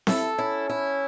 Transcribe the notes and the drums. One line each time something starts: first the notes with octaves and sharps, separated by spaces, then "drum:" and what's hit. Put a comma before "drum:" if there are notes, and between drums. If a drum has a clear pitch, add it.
E4 A4, drum: snare C4
C#4 E4
E4